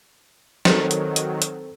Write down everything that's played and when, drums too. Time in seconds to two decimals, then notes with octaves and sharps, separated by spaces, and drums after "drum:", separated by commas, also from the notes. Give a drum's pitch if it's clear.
0.65 D#3 F#3 C4 A4, drum: snare
0.91 drum: hi-hat
1.16 drum: hi-hat
1.42 drum: hi-hat